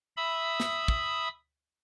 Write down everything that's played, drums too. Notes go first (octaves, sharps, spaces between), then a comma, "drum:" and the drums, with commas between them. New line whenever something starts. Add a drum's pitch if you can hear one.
E5 B5 D#6 E6
drum: snare
drum: kick